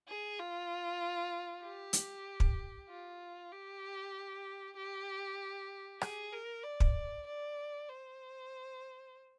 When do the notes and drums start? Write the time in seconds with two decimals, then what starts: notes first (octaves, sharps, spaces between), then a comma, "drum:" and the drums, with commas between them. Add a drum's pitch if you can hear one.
0.08 G#4
0.39 F4
1.64 G4
1.93 drum: hi-hat
2.40 drum: kick
2.89 F4
3.52 G4
4.77 G4
6.02 G#4, drum: rim click
6.33 A#4
6.64 D5
6.80 drum: kick
7.27 D5
7.89 C5